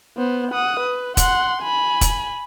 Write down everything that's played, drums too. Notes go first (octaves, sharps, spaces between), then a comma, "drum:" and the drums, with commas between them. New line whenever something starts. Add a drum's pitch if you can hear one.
B3 C5
F#5 D#6
B4
F#5 C6, drum: kick, hi-hat
G#5 B5
drum: kick, hi-hat